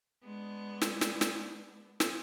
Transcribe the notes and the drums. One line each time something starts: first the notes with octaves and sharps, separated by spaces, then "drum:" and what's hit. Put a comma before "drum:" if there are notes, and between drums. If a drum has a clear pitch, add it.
G#3 B3 D4
drum: snare
drum: snare
drum: snare
drum: snare